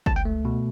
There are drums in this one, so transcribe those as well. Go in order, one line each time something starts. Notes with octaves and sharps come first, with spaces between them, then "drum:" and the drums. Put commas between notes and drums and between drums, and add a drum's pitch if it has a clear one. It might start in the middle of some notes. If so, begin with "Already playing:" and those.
C#2 A5, drum: kick
G5
A3
B2